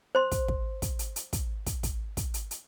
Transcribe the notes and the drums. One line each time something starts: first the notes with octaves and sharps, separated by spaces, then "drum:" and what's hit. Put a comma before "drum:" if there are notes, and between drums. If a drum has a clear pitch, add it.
C5 C6
drum: kick, hi-hat
drum: kick
drum: kick, hi-hat
drum: hi-hat
drum: hi-hat
drum: kick, hi-hat
drum: kick, hi-hat
drum: kick, hi-hat
drum: kick, hi-hat
drum: hi-hat
drum: hi-hat